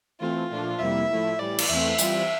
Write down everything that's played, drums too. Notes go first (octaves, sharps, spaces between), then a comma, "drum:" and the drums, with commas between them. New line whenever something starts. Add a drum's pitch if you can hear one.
E3 A3 C4 F4
A#2 F3 A3 D4
F2 C3 G3 A#3 E4 E5
A2 F3 A3 E4
A2 E3 G3 D5
drum: cymbal
E2 E3 A3 C4 E5
E3 G3 C4 F4, drum: hi-hat